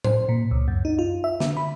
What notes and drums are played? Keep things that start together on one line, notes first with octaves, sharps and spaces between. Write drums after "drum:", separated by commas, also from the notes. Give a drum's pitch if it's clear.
C5, drum: tom A2
A#2
C#2
F#2
D#4
F4
E5
D3, drum: snare
B5